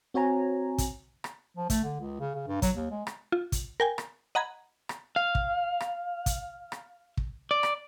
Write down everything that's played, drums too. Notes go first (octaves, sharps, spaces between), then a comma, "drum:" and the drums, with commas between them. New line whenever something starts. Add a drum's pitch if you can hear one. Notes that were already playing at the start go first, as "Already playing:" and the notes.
C4 F#4 C#5 G#5 A#5
drum: kick, hi-hat
drum: rim click
F3
A3, drum: kick, hi-hat
D3
C#2
C#3
C#3
G2
F#3, drum: kick, hi-hat
D#2
G#3
drum: rim click
F4
drum: kick, hi-hat
A#4 G5 G#5
drum: rim click
D#5 F#5 A#5 B5 G#6
drum: rim click
F5
drum: kick
drum: rim click
drum: kick, hi-hat
drum: rim click
drum: kick
D5
drum: rim click